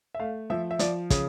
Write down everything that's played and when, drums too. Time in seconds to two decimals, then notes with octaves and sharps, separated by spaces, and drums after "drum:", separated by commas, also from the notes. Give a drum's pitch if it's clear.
0.15 E5
0.20 A3 F5
0.50 F3 E5
0.71 E5
0.79 F3 D5, drum: hi-hat
1.10 C#3, drum: kick, hi-hat